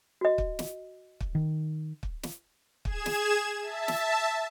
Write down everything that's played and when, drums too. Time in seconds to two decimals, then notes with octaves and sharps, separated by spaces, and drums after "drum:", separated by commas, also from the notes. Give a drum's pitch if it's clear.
0.21 F#4 D#5
0.38 drum: kick
0.59 drum: snare
1.20 drum: kick
1.35 D#3
2.03 drum: kick
2.23 drum: snare
2.85 G#4 G#6 E7, drum: kick
3.06 drum: snare
3.62 E5 A5
3.88 drum: snare